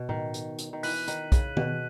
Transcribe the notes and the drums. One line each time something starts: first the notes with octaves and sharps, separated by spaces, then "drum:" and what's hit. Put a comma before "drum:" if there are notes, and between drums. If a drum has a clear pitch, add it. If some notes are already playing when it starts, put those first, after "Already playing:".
Already playing: B2
D#3, drum: tom A2
drum: hi-hat
drum: hi-hat
D#3
E3 F#6 B6 D#7 F#7, drum: open hi-hat
D#3, drum: hi-hat
C#3, drum: kick B1, hi-hat
B2, drum: tom